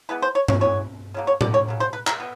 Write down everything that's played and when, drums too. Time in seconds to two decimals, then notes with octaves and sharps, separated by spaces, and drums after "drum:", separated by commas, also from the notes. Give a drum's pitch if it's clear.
0.09 E3 G#3 B3 B4
0.22 C5
0.35 C#5
0.48 C#5, drum: tom G2
0.61 E3 G#3 B3 C#5
1.14 C#3 F#3 A#3
1.27 C#5
1.41 D5, drum: tom A2
1.54 C#5
1.68 C#3 F#3
1.80 C5
1.93 B4
2.07 A#4, drum: clap
2.20 B3